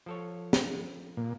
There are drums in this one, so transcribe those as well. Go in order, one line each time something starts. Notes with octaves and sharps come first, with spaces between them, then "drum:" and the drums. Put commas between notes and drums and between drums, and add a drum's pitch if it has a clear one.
F3 A4 C#5
drum: snare
A#2